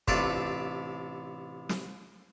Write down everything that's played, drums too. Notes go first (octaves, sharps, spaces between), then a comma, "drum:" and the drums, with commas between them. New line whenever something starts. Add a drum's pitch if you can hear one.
A1 C3 D4 F4 A4 B5, drum: kick
drum: snare